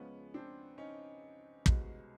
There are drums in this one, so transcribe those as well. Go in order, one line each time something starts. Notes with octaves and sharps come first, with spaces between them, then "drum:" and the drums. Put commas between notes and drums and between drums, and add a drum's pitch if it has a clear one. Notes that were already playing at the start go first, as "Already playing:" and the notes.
Already playing: C#2 C#3 F3 G#3 B3 C#4
C4 D4
C#4 D#4
C2 B2 G#3, drum: kick